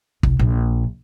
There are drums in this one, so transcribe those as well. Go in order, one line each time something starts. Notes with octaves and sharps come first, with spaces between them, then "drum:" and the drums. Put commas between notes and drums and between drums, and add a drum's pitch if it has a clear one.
C2, drum: kick
A#1